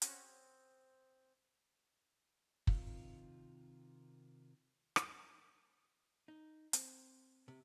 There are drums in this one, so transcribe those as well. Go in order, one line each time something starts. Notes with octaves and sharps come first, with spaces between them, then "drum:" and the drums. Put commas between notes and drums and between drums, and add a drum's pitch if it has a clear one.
C4 C#4 F#4 G#4, drum: hi-hat
C3 D#3 F4, drum: kick
drum: rim click
D#4
C4, drum: hi-hat
C3